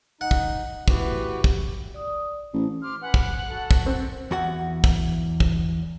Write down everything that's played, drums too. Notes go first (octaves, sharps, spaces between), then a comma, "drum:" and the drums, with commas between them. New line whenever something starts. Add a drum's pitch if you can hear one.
D#4 F#5
drum: kick
A2 E3 B3 F#4 G4, drum: kick
drum: kick
D5 D#6
A1 C5
C6 D6 F6
B4 F#5 G#5 B5
drum: kick
F#4 A4
drum: kick
C4
E2 F#4 F#5
drum: kick
drum: kick